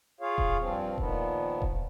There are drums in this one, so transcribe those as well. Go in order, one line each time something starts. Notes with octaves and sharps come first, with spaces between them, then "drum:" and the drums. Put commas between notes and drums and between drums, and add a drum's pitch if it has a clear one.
F4 G#4 C#5 F5
drum: kick D#1
G2 F3 C4
A#2 D#3 F3 B3, drum: kick D#1
drum: kick D#1